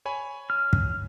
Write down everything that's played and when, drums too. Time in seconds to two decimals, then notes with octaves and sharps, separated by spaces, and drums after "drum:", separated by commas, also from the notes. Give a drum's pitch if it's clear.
0.05 C#5 G#5 B5
0.50 F6
0.73 drum: kick